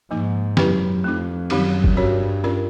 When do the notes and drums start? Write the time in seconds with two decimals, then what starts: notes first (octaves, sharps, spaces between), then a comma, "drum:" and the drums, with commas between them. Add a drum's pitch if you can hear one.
0.11 G#2 F3 A#3 D#4
0.57 F#2 G#3 C#4 E4 G4 B4, drum: snare
1.04 F2 A3 C4 D#4
1.50 F#2 D#3 G3 C4 D#4 G4, drum: cymbal
1.84 drum: kick
1.97 G2 C#4 F#4 A#4 C#5
2.43 C#4 F4 A#4 D5